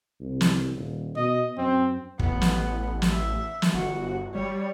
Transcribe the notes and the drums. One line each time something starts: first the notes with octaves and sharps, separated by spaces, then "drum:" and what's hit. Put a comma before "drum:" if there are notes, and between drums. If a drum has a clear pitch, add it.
C2
drum: snare
D#1
B2 D#5
F#2 C4
A1 B3, drum: kick
drum: snare
drum: snare
E5
drum: snare
G1 F#4
G3 C#5